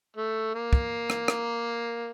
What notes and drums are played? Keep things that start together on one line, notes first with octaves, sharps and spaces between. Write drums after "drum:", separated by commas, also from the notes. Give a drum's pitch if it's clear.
A3
A#3
drum: kick
drum: rim click
drum: rim click